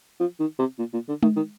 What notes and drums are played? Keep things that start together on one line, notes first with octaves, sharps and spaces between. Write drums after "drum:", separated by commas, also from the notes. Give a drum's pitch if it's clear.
F3
D#3
C3
A#2
A#2
D3
D#3, drum: tom G#3
D#3